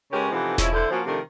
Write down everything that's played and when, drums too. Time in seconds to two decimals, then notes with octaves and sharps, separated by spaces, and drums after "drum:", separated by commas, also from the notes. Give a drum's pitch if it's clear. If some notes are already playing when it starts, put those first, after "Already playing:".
0.12 C#3 G#3 C#4 G4 A#4 B4
0.31 C3 E3 F3 B3 D#4 A4
0.58 C#3 F3 G#3 E4, drum: snare E1
0.73 D3 E4 C5
0.91 F3 A#3 C4 C#4 F#4
1.06 C3 D#3 F3 A3 D4 A#4